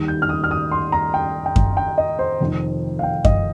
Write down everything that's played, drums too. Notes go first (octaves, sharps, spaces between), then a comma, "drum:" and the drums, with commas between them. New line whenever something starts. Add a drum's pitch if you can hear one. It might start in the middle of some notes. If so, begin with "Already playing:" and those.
Already playing: D#2 D#3 G3
G6
F6
D#6
F6
D#6
C6
A#5
G5
G5
drum: kick F#2
G5
D#5
C5
F1 F2 D#3
F5
G5
D#5, drum: kick F#2